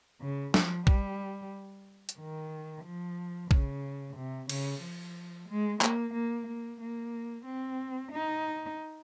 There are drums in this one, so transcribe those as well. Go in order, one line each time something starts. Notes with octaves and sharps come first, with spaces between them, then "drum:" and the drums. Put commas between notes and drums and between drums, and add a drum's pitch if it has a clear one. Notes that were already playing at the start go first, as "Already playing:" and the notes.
C#3
F3, drum: snare
G3, drum: kick A#1
drum: hi-hat
D#3
F3
C#3, drum: kick A#1
C3
C#3, drum: cymbal
F3
G#3
A#3, drum: clap
A#3
A#3
A#3
C4
D#4